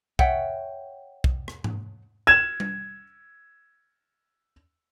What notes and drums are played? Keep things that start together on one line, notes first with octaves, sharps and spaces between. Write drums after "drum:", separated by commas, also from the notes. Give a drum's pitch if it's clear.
C#5 E5 F#5 G5, drum: kick B1
drum: kick B1
drum: rim click
drum: tom G#2
G#6 E7
drum: tom G3